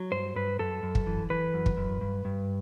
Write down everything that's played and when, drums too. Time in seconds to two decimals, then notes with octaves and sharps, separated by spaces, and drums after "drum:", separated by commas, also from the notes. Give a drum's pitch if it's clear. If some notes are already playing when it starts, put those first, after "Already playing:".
Already playing: F#3
0.12 G2 C5
0.35 G2 B4
0.59 F#2 A4
0.83 F#2
0.95 drum: kick
1.06 E3
1.30 E3 B4
1.54 F#2
1.66 drum: kick
1.77 F#2
2.01 G2
2.25 G2